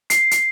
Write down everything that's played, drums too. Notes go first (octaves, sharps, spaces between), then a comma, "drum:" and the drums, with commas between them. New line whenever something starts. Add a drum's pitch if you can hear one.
C7, drum: hi-hat
drum: hi-hat